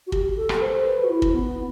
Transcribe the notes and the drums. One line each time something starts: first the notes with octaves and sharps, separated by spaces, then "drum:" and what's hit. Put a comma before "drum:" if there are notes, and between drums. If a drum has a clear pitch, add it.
F#4
G4, drum: kick
A4
drum: rim click
C5
B4
F#4
E4
drum: kick
B3